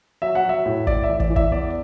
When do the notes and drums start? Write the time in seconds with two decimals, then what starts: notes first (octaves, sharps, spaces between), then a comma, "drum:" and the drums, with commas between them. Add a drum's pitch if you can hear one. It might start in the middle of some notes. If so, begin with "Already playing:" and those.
0.22 F#3 E5
0.35 F#5
0.44 F#3
0.49 E5
0.66 A2
0.87 A2 D5, drum: kick
1.03 E5
1.09 E3
1.20 D5, drum: kick
1.30 E3
1.36 E5, drum: kick
1.52 E2 D5